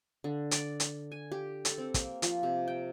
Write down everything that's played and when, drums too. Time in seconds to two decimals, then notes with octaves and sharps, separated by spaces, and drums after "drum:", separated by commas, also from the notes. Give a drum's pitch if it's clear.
0.24 D3
0.51 D5, drum: hi-hat
0.80 drum: hi-hat
1.12 G#5
1.32 G4
1.65 A4, drum: hi-hat
1.78 C4
1.94 A#3, drum: kick, hi-hat
2.22 F3, drum: hi-hat
2.43 C3
2.68 G5